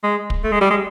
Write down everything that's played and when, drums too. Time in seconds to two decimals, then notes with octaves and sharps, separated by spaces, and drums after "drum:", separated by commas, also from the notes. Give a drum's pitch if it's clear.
0.03 G#3
0.30 drum: kick
0.44 A3
0.52 G#3
0.61 G3
0.70 G#3